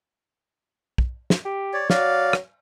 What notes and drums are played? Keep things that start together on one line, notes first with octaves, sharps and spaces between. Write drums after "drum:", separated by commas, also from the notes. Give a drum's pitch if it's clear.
drum: kick
drum: snare
G4
C#5 D5
F#3 D5 F5, drum: snare
drum: rim click